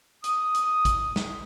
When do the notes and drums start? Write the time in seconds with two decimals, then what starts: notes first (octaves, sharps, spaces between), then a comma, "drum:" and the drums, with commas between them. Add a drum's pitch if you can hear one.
0.24 D#6, drum: hi-hat
0.54 drum: hi-hat
0.85 drum: kick A1, hi-hat
1.16 drum: snare